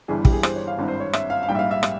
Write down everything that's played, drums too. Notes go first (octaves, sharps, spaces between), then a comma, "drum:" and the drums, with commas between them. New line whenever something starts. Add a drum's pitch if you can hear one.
G1 G2 E3 G3 G#4
G4, drum: kick
G#4
C5, drum: rim click
C#5
F5
G#1 G2 G3 C4 E4
C5
C#5
E5, drum: rim click
F5
F5
A#1 G#2 G3 G5
E5
F5
E5
drum: rim click